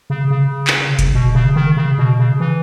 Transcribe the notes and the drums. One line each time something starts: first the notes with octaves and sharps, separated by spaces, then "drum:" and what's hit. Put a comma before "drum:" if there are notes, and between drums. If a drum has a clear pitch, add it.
C#3
C#3
drum: clap
drum: kick F1, hi-hat
B2
C#3
D#3
C#3
B2
C#3
E3